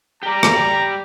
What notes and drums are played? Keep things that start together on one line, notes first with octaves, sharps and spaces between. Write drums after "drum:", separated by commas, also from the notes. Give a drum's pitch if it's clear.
G4 D5 A#5
drum: rim click